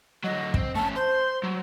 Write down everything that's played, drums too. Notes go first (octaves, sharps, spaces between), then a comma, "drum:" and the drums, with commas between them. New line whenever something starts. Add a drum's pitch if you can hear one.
D3 F#3 D#5
C4, drum: kick
A3 C#4 A5
C5 C6
F#3